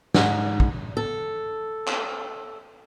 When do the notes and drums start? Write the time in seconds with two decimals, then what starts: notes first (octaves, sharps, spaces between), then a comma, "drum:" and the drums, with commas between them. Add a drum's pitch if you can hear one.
0.14 G#2, drum: snare
0.60 drum: kick
0.97 A4
1.87 drum: clap